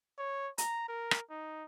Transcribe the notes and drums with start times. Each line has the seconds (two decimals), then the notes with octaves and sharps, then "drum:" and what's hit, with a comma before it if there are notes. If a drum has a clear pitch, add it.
0.18 C#5
0.58 A#5, drum: hi-hat
0.88 A#4
1.11 drum: rim click
1.30 D#4